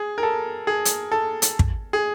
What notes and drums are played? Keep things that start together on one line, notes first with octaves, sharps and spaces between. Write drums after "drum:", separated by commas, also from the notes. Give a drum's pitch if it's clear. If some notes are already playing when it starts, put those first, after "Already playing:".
Already playing: G#4
A#4
A4
G#4
drum: hi-hat
A4
drum: hi-hat
drum: kick
G#4